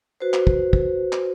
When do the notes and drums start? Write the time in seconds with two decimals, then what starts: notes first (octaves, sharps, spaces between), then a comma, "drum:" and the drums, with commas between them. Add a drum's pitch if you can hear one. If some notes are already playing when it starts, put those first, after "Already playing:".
0.20 F#4 B4 C5
0.34 drum: clap
0.47 drum: kick
0.73 drum: kick
1.13 drum: clap